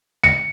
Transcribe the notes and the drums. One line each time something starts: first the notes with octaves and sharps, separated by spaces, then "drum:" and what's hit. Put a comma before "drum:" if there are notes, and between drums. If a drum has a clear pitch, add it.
C#7, drum: tom